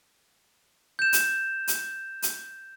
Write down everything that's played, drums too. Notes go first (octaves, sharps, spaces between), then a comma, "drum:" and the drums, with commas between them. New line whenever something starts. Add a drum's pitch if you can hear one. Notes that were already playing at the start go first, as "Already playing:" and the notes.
G6 E7
drum: hi-hat
drum: hi-hat
drum: hi-hat